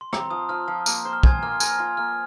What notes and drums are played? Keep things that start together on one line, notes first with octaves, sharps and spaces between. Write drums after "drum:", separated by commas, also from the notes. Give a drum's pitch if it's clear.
C6
C4 A#5, drum: rim click
F3 D#6
F3 F6
F3
A#3, drum: tambourine
C5
F6
C5 G#5 G#6, drum: kick
A#3 F6
A#4 G#5 G#6, drum: tambourine
F4 F6
A#3 F6